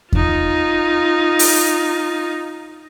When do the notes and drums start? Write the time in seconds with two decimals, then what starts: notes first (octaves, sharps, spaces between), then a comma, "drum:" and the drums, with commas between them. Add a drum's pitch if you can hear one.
0.12 D#4 F4, drum: kick E2
1.39 drum: open hi-hat